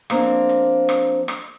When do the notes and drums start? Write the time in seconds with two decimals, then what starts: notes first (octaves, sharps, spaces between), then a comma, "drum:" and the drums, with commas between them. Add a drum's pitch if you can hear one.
0.10 F3 A#3 C4 D4, drum: rim click
0.49 drum: hi-hat
0.89 drum: rim click
1.28 drum: rim click